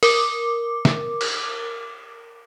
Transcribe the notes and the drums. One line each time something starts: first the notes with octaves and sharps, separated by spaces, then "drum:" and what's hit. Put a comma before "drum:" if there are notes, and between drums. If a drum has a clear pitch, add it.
A#4 D6, drum: open hi-hat
drum: snare
drum: cymbal